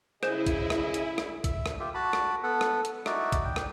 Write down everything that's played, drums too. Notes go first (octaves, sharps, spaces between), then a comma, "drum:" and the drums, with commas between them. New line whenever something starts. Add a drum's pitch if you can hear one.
C#3 E4 G#4 C5 D#5 G6 E7, drum: rim click
drum: kick, hi-hat
drum: rim click
drum: hi-hat
drum: rim click
E5, drum: kick, hi-hat
drum: rim click
F4 G4 E5
F#4 A5 B5
drum: rim click
B3 A4 F#5
drum: rim click
drum: hi-hat
D#4 E4 F#4 D5 E5, drum: rim click
drum: kick, hi-hat
G5
drum: rim click